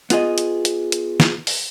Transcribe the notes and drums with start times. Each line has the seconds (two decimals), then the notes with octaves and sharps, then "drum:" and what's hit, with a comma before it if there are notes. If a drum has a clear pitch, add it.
0.10 B3 F4 G#4 D#5, drum: hi-hat
0.38 drum: hi-hat
0.65 drum: hi-hat
0.92 drum: hi-hat
1.20 drum: snare
1.47 drum: open hi-hat